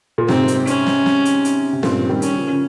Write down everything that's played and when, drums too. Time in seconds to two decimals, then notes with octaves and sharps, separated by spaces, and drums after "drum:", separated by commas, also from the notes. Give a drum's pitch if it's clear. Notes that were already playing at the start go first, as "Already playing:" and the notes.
0.18 A#2
0.28 G#2 C3 C4, drum: snare
0.48 drum: hi-hat
0.67 C#4, drum: hi-hat
0.87 drum: snare
1.06 drum: snare
1.25 drum: hi-hat
1.45 drum: hi-hat
1.73 C3
1.83 G2 A#2 C4, drum: snare
1.98 F3
2.09 D#3 G3
2.22 C#4, drum: hi-hat
2.36 C#3 F3
2.53 C#3